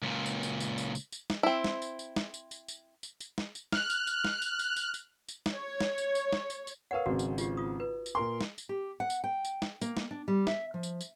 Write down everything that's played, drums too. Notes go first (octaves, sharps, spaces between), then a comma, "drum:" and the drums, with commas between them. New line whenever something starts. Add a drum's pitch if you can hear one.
C#2 A#2
drum: tambourine
drum: tambourine
drum: tambourine
drum: tambourine
drum: tambourine
drum: tambourine
drum: snare
C4 E4
drum: snare
drum: tambourine
drum: tambourine
drum: snare
drum: tambourine
drum: tambourine
drum: tambourine
drum: tambourine
drum: tambourine
drum: snare
drum: tambourine
F6 F#6, drum: snare
drum: tambourine
drum: tambourine
drum: snare
drum: tambourine
drum: tambourine
drum: tambourine
drum: tambourine
drum: tambourine
drum: snare
C#5
drum: snare
drum: tambourine
drum: tambourine
drum: snare
drum: tambourine
drum: tambourine
A#4 B4 C#5 F5 F#5
G#1 C#3 C4 F#4
drum: tambourine
F4 G4, drum: tambourine
F4 D#6
B4
drum: tambourine
A#2 A#4 C6
drum: snare
drum: tambourine
G4
F#5
drum: tambourine
G5
drum: tambourine
drum: snare
A#3, drum: tambourine
drum: snare
D4
G3
E5, drum: snare
F3
drum: tambourine
drum: tambourine